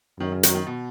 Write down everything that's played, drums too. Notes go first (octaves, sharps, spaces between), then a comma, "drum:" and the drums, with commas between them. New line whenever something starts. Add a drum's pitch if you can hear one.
F#2 D#3
C#3
D#3, drum: hi-hat
F#3
D#3
B2